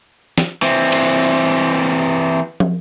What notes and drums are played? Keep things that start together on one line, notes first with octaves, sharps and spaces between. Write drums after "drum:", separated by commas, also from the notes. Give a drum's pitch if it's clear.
drum: snare
E3 C4, drum: tambourine
drum: cymbal
drum: tom